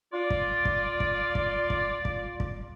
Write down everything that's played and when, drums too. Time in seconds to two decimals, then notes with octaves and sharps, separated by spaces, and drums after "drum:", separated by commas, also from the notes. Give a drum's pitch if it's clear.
0.13 F4 D5
0.30 drum: kick
0.65 drum: kick
1.00 drum: kick
1.35 drum: kick
1.70 drum: kick
2.05 drum: kick
2.40 drum: kick